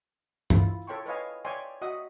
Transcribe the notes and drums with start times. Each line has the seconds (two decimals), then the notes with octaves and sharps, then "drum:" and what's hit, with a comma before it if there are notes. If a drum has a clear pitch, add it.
0.50 E4 F4, drum: tom G2
0.87 A4 C#5 G5 C6 C#6
1.06 B4 C#5 D#5 F5 G#5
1.45 C#5 D5 E5 G5 G#5 C6
1.81 F#4 D#5 E5 F#5 D#6